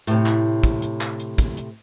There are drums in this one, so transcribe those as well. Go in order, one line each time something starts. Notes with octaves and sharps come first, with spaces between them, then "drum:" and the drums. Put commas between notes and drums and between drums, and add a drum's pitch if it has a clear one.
A2 C3, drum: hi-hat
drum: clap
drum: kick, hi-hat
drum: hi-hat
drum: clap
drum: hi-hat
drum: kick, hi-hat
drum: hi-hat